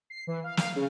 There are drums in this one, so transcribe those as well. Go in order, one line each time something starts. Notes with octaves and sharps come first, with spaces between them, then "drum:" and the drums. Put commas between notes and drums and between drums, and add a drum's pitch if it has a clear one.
C7
E3
F5
F5, drum: snare
C#3